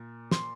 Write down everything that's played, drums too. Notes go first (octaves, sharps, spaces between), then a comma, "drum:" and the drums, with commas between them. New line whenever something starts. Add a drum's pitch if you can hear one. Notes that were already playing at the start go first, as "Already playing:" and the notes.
Already playing: A#2
C6, drum: snare